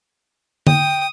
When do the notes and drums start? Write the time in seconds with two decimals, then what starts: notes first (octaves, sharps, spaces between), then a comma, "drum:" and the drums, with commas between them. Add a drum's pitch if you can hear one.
0.67 G5 D#6, drum: tom D3